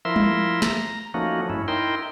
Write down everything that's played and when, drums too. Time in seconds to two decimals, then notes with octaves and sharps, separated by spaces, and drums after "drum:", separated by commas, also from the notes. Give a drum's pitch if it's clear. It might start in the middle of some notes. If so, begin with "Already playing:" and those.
0.05 F3 E4 A#4 E5 C6
0.16 drum: tom G3
0.62 A#5, drum: snare
1.14 F3 A3 A#3 C#4 D#4 F#4
1.49 G2 C#4 E4
1.68 D#4 E4 A#4 G5 C6